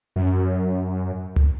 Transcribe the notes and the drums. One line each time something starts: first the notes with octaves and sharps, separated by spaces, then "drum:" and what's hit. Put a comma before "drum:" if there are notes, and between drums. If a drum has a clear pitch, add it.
F#2
drum: tom C#2